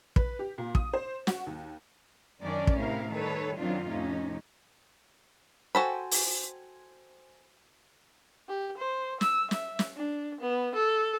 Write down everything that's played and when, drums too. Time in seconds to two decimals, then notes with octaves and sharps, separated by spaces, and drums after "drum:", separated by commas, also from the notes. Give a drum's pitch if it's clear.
0.16 B4, drum: kick
0.39 G4
0.58 A#2
0.75 D#6, drum: kick
0.93 C5
1.27 F#4, drum: snare
1.46 D#2
2.41 F#2 D#3 C#4 D4 A#4 D5
2.67 drum: kick
2.77 A2 C3 E4 A#4 F5
3.11 D#3 G3 A4 B4 C#5
3.57 F#2 D#3 F#3 C4 D4 F4
3.88 F2 A2 C3 C#4 D#4
5.75 F#4 A4 C5 G5 G#5 B5
6.11 drum: open hi-hat
8.49 G4
8.78 C5
9.21 E6, drum: snare
9.51 E5, drum: snare
9.79 drum: snare
9.96 D4
10.41 B3
10.75 A4